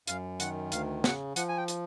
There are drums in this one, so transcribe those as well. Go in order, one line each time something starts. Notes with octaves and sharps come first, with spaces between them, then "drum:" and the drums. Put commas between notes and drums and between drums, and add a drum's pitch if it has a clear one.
F#2 F5, drum: hi-hat
D#3 F#5, drum: hi-hat
D2 F5, drum: hi-hat
C#3 F#5, drum: snare
F3 F#5, drum: hi-hat
G#5
G5
drum: hi-hat